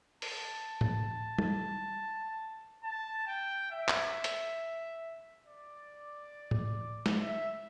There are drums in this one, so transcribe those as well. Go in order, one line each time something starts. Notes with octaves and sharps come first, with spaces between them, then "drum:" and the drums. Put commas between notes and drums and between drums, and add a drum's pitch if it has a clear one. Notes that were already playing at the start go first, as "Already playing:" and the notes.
A5, drum: open hi-hat
drum: tom A2
drum: tom G3
A5
G5
E5
drum: clap
drum: hi-hat
D5
drum: tom A2
drum: snare
E5